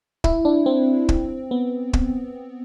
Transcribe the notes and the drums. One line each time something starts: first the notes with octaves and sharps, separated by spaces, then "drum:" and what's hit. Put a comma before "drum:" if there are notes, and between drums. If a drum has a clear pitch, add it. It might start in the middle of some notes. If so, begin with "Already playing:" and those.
E4, drum: kick
D4
C4
drum: kick
B3
drum: kick